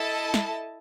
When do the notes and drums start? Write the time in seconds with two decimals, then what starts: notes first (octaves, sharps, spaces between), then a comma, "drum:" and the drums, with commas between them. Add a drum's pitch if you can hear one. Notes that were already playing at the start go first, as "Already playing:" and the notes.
Already playing: E4 A4 D#5 A5
0.34 drum: snare